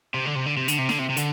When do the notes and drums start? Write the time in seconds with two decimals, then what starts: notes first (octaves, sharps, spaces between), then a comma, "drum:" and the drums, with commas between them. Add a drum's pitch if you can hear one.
0.14 C3
0.26 D3
0.36 C3
0.46 D3
0.57 C3
0.68 D3, drum: hi-hat
0.79 C3
0.89 D3, drum: snare
0.99 C3
1.10 C3
1.17 D3, drum: hi-hat